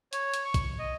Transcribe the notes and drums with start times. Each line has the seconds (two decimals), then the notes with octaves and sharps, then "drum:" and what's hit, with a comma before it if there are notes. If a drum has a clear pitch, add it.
0.13 C#5, drum: hi-hat
0.34 drum: hi-hat
0.44 C#6
0.54 drum: kick, hi-hat
0.79 D#5